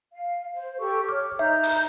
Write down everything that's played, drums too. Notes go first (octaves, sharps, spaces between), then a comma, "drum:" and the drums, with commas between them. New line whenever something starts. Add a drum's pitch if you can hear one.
F5
C5
G4 A4 C#6
C#5 D6 F6
D#4 E5 A#5 G6
drum: open hi-hat